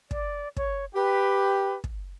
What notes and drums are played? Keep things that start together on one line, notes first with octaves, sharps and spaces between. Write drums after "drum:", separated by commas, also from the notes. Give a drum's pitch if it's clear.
D5, drum: kick
C#5, drum: kick
G4 B4
drum: kick